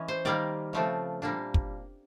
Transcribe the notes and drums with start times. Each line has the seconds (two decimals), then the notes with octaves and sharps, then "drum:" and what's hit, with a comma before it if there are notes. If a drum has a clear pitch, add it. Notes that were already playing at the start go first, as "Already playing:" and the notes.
Already playing: E3 G#3 C#4
0.08 C5
0.25 D#3 G3 A#3 D5
0.73 C#3 F3 A3 C4
1.22 A#2 G3 A#3 D4
1.54 drum: kick